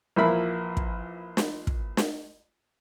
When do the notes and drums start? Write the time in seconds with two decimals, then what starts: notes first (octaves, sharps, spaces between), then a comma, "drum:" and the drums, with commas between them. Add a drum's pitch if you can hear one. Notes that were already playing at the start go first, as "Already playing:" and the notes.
0.16 A#1 E3 F3 A#3 E4 B5
0.77 drum: kick
1.37 drum: snare
1.67 drum: kick
1.97 drum: snare